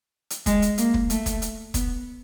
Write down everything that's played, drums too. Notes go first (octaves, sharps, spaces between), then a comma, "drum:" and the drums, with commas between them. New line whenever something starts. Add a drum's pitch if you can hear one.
drum: hi-hat
G#3, drum: kick, hi-hat
drum: hi-hat
A#3, drum: hi-hat
drum: kick
A3, drum: hi-hat
drum: kick, hi-hat
drum: hi-hat
B3, drum: kick, hi-hat